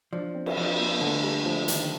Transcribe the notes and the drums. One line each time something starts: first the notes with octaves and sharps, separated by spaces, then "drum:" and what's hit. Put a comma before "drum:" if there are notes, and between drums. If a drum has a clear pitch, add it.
F3 D4
C4
drum: cymbal
F3 D4
A#3
A#3
D3 A3
G3
F3 A3
D#3, drum: hi-hat